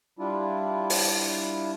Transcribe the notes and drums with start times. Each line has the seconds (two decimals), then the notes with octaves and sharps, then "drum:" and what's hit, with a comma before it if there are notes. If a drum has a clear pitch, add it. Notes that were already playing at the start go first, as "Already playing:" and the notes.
0.19 G3 D4 E4 F4
0.90 drum: open hi-hat